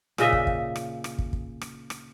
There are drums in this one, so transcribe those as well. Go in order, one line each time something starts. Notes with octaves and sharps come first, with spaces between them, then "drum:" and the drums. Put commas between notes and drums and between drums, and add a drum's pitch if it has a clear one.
A#2 C#3 D#5 E5, drum: rim click
drum: kick
drum: kick
drum: rim click
drum: rim click
drum: kick
drum: kick
drum: rim click
drum: rim click